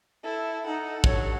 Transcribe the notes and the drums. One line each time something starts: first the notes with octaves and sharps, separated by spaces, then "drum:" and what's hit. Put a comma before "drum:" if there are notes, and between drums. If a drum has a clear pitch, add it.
E4 A4
D#4 A4 F#5
G2 F#3 C#5, drum: kick